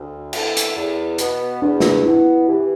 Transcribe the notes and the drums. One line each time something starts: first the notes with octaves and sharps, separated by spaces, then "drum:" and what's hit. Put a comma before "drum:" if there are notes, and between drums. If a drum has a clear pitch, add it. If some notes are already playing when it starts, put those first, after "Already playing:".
Already playing: D2
D3 B3 E4 A4, drum: cymbal
drum: hi-hat
E2
B2 B3, drum: hi-hat
E2 D4
drum: snare
B2 B3 E4
E3 G4